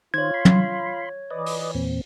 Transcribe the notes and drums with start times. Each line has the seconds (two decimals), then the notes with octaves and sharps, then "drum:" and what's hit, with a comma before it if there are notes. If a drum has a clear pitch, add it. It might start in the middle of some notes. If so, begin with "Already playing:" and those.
0.14 D#3 F4 C5 C#5 G#6
0.34 B5 C6
0.45 drum: tom
1.30 E3 B4 D5 D#5
1.46 drum: open hi-hat
1.75 E2 A#2 C4